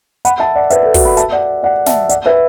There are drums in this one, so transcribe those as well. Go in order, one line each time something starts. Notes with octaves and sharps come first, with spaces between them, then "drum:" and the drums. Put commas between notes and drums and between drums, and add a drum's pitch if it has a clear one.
F#5 B5, drum: hi-hat
E5 A5
D5 F#5
B4 E5, drum: hi-hat
A4
F#4 B4, drum: kick, open hi-hat
F#5 B5
E5 A5, drum: hi-hat
D5 F#5
D5 F#5
E5 A5, drum: snare
D5 F#5, drum: hi-hat
B4 E5